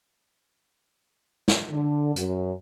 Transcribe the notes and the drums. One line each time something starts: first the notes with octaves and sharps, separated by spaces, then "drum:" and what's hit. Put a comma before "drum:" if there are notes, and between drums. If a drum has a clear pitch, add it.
drum: snare
D3
F#2, drum: hi-hat